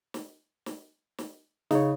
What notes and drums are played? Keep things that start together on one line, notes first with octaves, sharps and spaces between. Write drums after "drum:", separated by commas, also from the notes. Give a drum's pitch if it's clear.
drum: snare
drum: snare
drum: snare
C#3 D#4 C#5, drum: snare